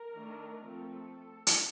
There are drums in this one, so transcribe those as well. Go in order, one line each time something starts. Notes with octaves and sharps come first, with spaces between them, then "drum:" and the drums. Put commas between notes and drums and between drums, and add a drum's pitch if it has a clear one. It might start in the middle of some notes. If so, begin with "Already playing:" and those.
Already playing: A#4
D#3 A3 D4
F3 A3 C4 A4
drum: hi-hat